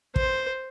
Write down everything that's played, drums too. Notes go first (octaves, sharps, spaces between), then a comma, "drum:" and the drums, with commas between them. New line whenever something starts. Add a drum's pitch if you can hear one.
C5, drum: kick